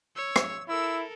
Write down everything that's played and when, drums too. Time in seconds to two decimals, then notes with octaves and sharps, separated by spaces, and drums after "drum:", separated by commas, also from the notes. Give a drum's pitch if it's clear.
0.16 C#5 E6
0.36 drum: rim click
0.69 E4 A4 A#4 E6